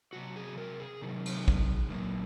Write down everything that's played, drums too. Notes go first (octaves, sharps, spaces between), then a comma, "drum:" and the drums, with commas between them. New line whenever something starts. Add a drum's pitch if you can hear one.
C3 D#3 F#3 F#4
G#4
A#4
G#4
C3 D#3 F#3
drum: cymbal
drum: kick
A#2 F#3 A#3